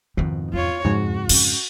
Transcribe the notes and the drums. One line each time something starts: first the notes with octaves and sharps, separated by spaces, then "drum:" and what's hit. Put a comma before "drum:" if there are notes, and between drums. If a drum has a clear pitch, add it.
F2 G#2 B2 D#3 D#4
E2 F4 C#5
F2 G#2 C#3 F3 F#4
C#4, drum: cymbal